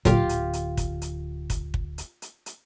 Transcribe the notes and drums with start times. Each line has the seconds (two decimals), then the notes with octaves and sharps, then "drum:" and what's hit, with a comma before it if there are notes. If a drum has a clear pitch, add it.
0.05 D1 A#2 D3 F#3 F4 G4 F5, drum: kick, hi-hat
0.29 drum: hi-hat
0.53 drum: hi-hat
0.77 drum: kick, hi-hat
1.02 drum: hi-hat
1.50 drum: kick, hi-hat
1.74 drum: kick
1.98 drum: hi-hat
2.22 drum: hi-hat
2.46 drum: hi-hat